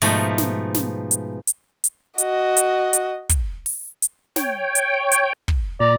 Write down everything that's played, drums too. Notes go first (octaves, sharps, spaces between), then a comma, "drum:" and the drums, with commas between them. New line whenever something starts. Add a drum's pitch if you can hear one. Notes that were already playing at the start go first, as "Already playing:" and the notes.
G#2 B2 F3 A3, drum: open hi-hat
drum: snare
drum: snare
drum: hi-hat
drum: hi-hat
drum: hi-hat
F#4 D#5, drum: hi-hat
drum: hi-hat
drum: hi-hat
drum: kick, hi-hat
drum: open hi-hat
drum: hi-hat
C#5 G5, drum: snare
drum: hi-hat
drum: hi-hat
drum: kick
A#2 D5 A#5